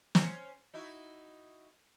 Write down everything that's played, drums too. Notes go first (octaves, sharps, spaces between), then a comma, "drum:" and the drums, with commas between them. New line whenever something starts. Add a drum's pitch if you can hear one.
C#4 C5, drum: snare
D#4 E4 F#4